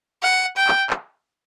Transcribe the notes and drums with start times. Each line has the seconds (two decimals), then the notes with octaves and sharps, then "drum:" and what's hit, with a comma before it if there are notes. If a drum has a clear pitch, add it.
0.22 F#5
0.56 G5
0.68 drum: clap
0.90 drum: clap